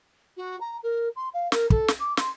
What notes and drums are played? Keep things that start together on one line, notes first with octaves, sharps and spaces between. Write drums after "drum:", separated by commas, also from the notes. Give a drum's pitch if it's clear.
F#4
A#5
A#4
C6
F5
A#4, drum: snare
A4, drum: kick
drum: snare
D6
C6, drum: snare